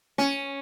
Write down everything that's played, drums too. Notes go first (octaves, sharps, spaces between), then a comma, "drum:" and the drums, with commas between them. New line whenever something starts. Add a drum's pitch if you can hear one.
C#4, drum: snare